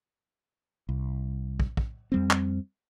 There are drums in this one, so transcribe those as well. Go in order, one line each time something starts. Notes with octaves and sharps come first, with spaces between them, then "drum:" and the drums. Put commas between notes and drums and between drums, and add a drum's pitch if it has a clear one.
C2
drum: kick
drum: kick
F2 G3 C4
drum: clap